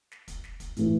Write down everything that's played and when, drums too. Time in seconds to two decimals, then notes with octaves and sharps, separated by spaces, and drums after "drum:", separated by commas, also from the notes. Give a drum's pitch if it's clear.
0.11 drum: snare
0.28 drum: kick, hi-hat
0.44 drum: snare
0.60 drum: kick, hi-hat
0.77 A2 E3, drum: hi-hat